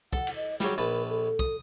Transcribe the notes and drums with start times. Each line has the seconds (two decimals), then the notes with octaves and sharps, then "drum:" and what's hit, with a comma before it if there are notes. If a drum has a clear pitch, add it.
0.13 A4 F#5, drum: kick
0.27 drum: cymbal
0.36 D#5
0.60 F#3 G3 G#4, drum: snare
0.78 A#1 A#4 B4 A5
1.10 A4
1.39 D#6, drum: kick